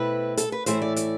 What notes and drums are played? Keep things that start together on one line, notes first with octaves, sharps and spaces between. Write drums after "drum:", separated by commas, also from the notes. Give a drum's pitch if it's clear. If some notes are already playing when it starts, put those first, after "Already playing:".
Already playing: B2 A3 C4 E4 B4
A4, drum: hi-hat
B4
A2 E3 A3 E4 C5, drum: hi-hat
D5
D5, drum: hi-hat